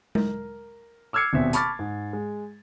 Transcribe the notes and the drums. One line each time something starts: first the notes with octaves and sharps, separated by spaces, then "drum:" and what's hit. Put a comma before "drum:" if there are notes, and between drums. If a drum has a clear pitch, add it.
A#4, drum: tom G#3
D6 E6 F6 G#6 C7 C#7
D#1 B2 C4 E5
A5 B5 C#6 D6 F6 A6, drum: hi-hat
G#2
G#3